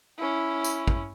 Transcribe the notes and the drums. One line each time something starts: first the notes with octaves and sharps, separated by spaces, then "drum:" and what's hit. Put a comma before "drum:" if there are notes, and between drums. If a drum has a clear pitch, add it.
C#4 E4
drum: tambourine
drum: kick